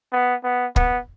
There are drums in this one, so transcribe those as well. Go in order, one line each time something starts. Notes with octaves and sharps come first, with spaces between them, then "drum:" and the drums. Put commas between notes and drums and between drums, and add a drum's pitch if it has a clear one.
B3
B3
B3, drum: kick